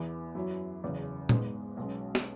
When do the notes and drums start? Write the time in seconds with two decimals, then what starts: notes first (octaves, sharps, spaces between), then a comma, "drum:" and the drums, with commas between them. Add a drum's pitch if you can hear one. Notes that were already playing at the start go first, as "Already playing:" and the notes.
Already playing: E2 E3 B3 E4
0.35 F#2 F#3 E4
0.83 F#1 E2 C#3
1.29 G#2 G#3 B3, drum: tom A#2
1.77 B1 B2 G#3 C#4
2.15 drum: snare